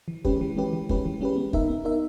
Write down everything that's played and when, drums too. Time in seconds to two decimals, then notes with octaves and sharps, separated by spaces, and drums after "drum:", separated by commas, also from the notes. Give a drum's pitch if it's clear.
0.08 E3
0.25 G#3 C#4 G4 B4, drum: kick
0.41 E3
0.56 G#3 C#4 G4 B4
0.73 E3
0.89 G#3 C#4 G4 B4, drum: kick
1.05 E3
1.21 G#3 C#4 G4 B4
1.36 B3
1.53 D#4 A#4 E5, drum: kick
1.69 B3
1.85 D#4 A#4 E5